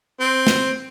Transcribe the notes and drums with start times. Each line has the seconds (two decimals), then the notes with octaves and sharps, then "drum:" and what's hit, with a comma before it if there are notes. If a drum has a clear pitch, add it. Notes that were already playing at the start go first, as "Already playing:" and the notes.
0.20 C4
0.47 drum: snare